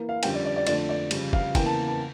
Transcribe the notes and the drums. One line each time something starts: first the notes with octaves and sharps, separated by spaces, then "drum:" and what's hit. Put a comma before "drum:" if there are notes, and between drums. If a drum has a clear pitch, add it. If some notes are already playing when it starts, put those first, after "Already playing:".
Already playing: E3 A#3
F5
F2 D3 G3 C#4 G5, drum: cymbal
D5
D5
D5
F2 D3 A3 D4 D5, drum: cymbal
D5
F2 C#3 G3, drum: cymbal
F5, drum: kick
E2 C#3 E3 A#3 G5, drum: kick, cymbal
A5
A5